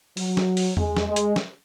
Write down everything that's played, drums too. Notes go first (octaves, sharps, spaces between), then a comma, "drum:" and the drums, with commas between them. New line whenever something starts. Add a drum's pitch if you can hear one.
F#3, drum: open hi-hat
drum: snare
drum: open hi-hat
G#3, drum: tom E2
drum: snare
G#3
drum: hi-hat
drum: snare